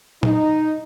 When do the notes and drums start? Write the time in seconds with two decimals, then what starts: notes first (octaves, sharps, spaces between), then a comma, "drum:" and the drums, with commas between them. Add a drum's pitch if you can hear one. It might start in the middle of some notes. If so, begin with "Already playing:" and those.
0.23 D#4, drum: tom A#2